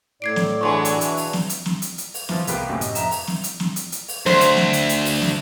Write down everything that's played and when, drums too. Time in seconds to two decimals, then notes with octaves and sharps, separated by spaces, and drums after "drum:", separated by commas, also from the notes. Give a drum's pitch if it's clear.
0.22 A2 D5 G#6 C7 D7
0.36 drum: snare
0.61 B2 E3 F#3 G#3 D4 G#5 C6 C#6
0.85 drum: hi-hat
1.01 drum: hi-hat
1.17 drum: open hi-hat
1.33 drum: snare
1.49 drum: hi-hat
1.66 drum: snare
1.82 drum: hi-hat
1.98 drum: hi-hat
2.14 drum: open hi-hat
2.29 E3 F3, drum: snare
2.47 C2 A#3 B3 G4 B4 G5, drum: hi-hat
2.69 F#2 A2 C3
2.81 D#5, drum: hi-hat
2.95 F2 E5 A#5 E7, drum: hi-hat
3.11 drum: open hi-hat
3.27 drum: snare
3.44 drum: hi-hat
3.60 drum: snare
3.76 drum: hi-hat
3.92 drum: hi-hat
4.08 drum: open hi-hat
4.26 D2 C5, drum: snare
4.41 drum: hi-hat
4.57 drum: snare
4.73 drum: hi-hat
4.89 drum: hi-hat
5.05 drum: open hi-hat
5.22 drum: snare